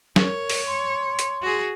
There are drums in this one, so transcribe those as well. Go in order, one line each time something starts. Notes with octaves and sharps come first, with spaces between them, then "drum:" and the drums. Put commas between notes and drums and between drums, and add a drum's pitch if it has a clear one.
A#4 C#5, drum: snare
drum: open hi-hat
C6
drum: hi-hat
F#4 G#4